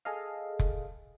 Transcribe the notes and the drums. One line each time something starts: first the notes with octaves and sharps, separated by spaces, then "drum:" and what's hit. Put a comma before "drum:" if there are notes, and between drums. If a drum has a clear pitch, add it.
G#4 A4 D#5 F5
drum: kick F1